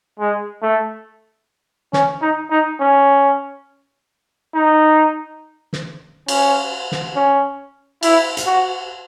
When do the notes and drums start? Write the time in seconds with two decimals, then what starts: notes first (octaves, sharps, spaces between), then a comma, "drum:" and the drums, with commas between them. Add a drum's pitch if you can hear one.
0.19 G#3
0.62 A3
1.93 C#4, drum: snare
2.22 D#4
2.51 D#4
2.80 C#4
4.55 D#4
5.73 drum: snare
6.28 C#4, drum: cymbal
6.92 drum: snare
7.16 C#4
8.03 E4, drum: cymbal
8.37 drum: hi-hat
8.46 F#4